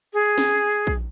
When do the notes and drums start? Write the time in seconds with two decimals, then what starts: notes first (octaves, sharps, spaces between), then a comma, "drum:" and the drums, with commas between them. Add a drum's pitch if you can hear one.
0.13 G#4
0.38 drum: snare
0.87 drum: kick